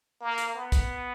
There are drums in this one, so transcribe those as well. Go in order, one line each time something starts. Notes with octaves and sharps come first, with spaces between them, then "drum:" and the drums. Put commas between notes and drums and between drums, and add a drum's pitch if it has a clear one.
A#3
drum: hi-hat
B3
drum: kick, hi-hat